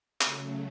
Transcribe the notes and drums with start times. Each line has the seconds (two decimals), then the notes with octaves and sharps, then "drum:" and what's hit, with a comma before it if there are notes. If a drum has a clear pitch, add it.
0.21 C#3 F#3 A3, drum: clap